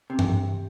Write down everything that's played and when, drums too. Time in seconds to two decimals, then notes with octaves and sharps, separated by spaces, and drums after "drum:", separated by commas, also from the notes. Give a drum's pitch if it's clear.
0.10 C3
0.19 drum: tom G2